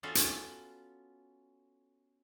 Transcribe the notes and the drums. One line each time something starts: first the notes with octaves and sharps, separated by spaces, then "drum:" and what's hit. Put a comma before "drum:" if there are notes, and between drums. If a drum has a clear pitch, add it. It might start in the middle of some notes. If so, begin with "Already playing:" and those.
B3 C#4 F4 F#4 A4
drum: hi-hat